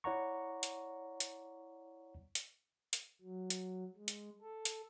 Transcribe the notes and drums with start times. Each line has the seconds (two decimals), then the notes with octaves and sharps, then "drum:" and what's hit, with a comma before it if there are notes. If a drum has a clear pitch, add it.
0.04 E4 C#5 D5 F#5 A#5 C#6
0.63 drum: hi-hat
1.20 drum: hi-hat
2.35 drum: hi-hat
2.93 drum: hi-hat
3.22 F#3
3.50 drum: hi-hat
3.96 G#3
4.08 drum: hi-hat
4.42 A4
4.65 drum: hi-hat